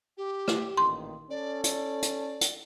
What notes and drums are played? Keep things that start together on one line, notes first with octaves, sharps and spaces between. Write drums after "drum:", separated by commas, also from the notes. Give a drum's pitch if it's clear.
G4
drum: rim click
A1 A#2 D#3 C6
C#4 A4 D5
D5, drum: hi-hat
drum: hi-hat
drum: hi-hat